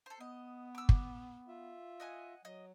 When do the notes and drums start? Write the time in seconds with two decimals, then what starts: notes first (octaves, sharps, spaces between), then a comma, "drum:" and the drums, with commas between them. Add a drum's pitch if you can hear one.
0.06 A4 C5
0.20 B3 D#5
0.75 D6 E6
0.89 drum: kick
1.48 F4 E5
2.00 D#5 F#5 G#5
2.45 F#3 D#5